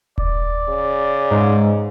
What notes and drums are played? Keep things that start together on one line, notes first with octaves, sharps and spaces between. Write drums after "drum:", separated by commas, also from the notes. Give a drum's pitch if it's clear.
D5, drum: kick D#1
C#3
G#2